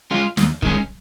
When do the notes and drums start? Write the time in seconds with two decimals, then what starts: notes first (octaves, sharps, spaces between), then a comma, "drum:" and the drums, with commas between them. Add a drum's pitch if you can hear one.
0.11 G#3 C#4 F4
0.37 D#2, drum: snare
0.62 D#3 G#3 C#4, drum: kick